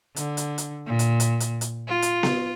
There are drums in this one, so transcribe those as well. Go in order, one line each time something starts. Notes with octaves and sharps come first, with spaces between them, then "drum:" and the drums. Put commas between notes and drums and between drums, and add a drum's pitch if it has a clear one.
D3, drum: hi-hat
drum: hi-hat
drum: hi-hat
A#2
drum: hi-hat
drum: hi-hat
drum: hi-hat
drum: hi-hat
F4
drum: hi-hat
drum: snare B3